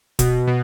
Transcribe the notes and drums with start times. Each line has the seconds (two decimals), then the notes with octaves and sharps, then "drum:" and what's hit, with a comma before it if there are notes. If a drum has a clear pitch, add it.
0.19 B2, drum: kick, hi-hat
0.47 B2